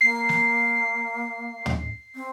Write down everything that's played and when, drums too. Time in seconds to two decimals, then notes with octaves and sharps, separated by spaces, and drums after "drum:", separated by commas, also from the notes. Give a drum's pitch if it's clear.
0.01 A#3 C7
0.29 drum: snare
1.66 drum: tom
2.15 C4